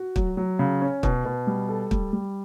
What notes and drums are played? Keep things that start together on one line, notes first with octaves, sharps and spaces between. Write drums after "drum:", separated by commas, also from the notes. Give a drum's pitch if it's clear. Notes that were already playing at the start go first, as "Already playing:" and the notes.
Already playing: F#4
F#3, drum: kick
F#3
C#3
C#4
B2, drum: kick
B2
G3
A4
G3, drum: kick
G3